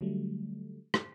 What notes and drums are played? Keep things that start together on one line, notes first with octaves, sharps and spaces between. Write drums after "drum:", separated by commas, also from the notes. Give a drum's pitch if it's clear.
D3 F#3 G3 A3
drum: rim click